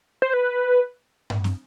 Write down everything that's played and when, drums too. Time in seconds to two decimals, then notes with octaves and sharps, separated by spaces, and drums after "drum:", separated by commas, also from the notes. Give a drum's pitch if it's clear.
0.22 C5
0.34 B4
1.30 drum: tom G2
1.44 drum: snare